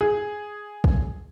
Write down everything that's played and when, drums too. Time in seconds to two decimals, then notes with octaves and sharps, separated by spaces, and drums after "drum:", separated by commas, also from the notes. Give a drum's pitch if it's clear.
0.01 G#4
0.84 drum: kick